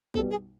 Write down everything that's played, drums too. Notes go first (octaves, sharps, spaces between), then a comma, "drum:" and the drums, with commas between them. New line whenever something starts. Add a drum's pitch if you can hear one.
B1 B2 G3 B3 A4, drum: kick
G#4